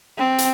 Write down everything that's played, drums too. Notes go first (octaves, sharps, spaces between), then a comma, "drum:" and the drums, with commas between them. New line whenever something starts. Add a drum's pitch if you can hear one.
C4
drum: hi-hat